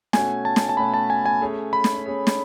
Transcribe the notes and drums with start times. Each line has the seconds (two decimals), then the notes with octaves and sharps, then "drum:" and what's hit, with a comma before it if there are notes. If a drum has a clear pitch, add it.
0.13 B2 A3 C#4 F#4 G#5, drum: snare
0.45 A5
0.56 drum: snare
0.69 A5
0.77 B2 A3 C#4 F#4 B5
0.94 A5
1.10 G#5
1.26 G#5
1.41 A3 C#4 G#4 C#5
1.73 B5
1.84 drum: snare
2.06 A3 C#4 G#4 C#5
2.27 drum: snare